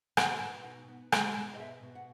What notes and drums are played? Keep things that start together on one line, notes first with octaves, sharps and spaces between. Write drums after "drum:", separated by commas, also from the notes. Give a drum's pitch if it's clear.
B3 F#5, drum: rim click
B2
D#4
B3
G#3, drum: rim click
B2
D#5
B3 E5
B2
F#5